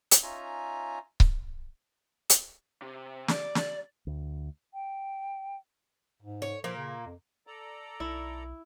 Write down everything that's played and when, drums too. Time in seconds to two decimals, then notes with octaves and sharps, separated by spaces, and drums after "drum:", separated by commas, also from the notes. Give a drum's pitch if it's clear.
0.11 drum: hi-hat
0.23 C#4 D#4 F4 E5 G#5 A#5
1.20 drum: kick C#1
2.30 drum: hi-hat
2.82 C3
3.28 D5, drum: snare
3.55 drum: snare
4.07 D2
4.74 G5
6.22 G#2
6.42 C#5
6.64 A#2 F3 A#3
6.76 C#3
7.06 F2
7.47 A4 D5 A#5
8.00 B1 E4